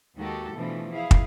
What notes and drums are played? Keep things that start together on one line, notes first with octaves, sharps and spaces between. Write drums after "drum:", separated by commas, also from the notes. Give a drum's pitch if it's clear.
D#2 D#3 G#3 F#4 G4 A4
B2 E3 F3 A3 D4
E4 G#4 F5
drum: kick